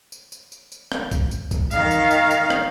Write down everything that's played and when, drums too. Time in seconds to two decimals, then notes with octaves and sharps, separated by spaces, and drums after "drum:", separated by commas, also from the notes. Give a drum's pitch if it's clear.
0.12 drum: tambourine
0.32 drum: tambourine
0.52 drum: tambourine
0.72 drum: tambourine
0.92 drum: rim click
1.11 drum: kick, tambourine
1.31 drum: tambourine
1.51 drum: kick, tambourine
1.71 D#3 F5, drum: tambourine
1.91 drum: tambourine
2.11 drum: tambourine
2.31 drum: tambourine
2.50 drum: rim click